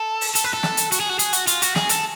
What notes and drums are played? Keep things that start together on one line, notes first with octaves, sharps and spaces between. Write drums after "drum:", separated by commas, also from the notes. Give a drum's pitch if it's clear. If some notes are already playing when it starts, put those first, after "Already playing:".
Already playing: A4
drum: open hi-hat
A4, drum: hi-hat
B4
A4
drum: snare
drum: hi-hat
F#4, drum: hi-hat
G#4
F#4
G#4, drum: hi-hat
F#4, drum: hi-hat
F4, drum: hi-hat
F#4, drum: hi-hat
G#4, drum: snare
A4, drum: hi-hat